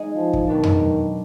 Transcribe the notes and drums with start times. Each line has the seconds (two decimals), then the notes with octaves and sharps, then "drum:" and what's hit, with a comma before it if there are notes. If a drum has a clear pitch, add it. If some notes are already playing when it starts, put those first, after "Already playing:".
Already playing: G#3 B3 D#4 G#4
0.15 F3
0.33 drum: kick
0.47 B2 D#3 F#3 B3 D4
0.63 drum: tom F2